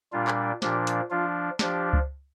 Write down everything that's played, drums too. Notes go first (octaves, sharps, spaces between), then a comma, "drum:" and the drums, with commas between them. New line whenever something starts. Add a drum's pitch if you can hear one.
A#2 G3 D4 F4
drum: clap
A#2 F3 D4 G4, drum: snare
drum: hi-hat
F3 D4 F4
F3 D4 G4, drum: snare
drum: kick C#2